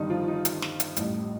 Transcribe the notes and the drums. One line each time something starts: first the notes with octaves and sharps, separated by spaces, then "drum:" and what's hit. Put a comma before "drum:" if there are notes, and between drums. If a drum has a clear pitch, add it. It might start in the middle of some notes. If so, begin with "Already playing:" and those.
Already playing: G1 G2 D#3 D#4
F3 F4
D#4
drum: hi-hat
drum: snare
drum: hi-hat
A1 A2 G3, drum: hi-hat